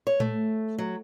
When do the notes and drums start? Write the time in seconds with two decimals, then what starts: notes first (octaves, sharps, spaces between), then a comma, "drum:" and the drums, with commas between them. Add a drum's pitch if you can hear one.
0.07 C#5
0.20 A3, drum: tom A2
0.78 F#3